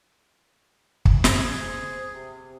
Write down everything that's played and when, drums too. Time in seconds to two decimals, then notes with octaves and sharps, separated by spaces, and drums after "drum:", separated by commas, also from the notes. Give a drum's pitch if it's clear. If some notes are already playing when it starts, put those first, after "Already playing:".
1.05 drum: kick
1.24 G#4 C5, drum: snare
2.13 C3